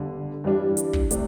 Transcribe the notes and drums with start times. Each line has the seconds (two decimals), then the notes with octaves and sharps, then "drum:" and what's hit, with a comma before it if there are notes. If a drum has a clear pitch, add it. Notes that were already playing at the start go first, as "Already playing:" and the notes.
Already playing: G1 G2 D3
0.44 G2 E3 G3 D4
0.77 drum: hi-hat
0.93 drum: kick
1.11 C3 A3 D4, drum: hi-hat